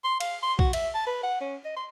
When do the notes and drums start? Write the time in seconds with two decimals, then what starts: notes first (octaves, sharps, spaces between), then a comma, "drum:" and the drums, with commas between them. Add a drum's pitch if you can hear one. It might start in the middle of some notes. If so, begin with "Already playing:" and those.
0.04 C6
0.20 F5, drum: cymbal
0.43 C6
0.59 F#4, drum: kick B1
0.73 E5, drum: cymbal
0.95 A5
1.07 B4
1.23 F#5
1.41 C#4
1.65 D#5
1.76 C6